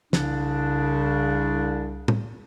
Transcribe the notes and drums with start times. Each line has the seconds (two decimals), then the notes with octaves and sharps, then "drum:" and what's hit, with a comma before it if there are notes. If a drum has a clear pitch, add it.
0.13 C2 C#3 D4, drum: snare
2.08 drum: tom A2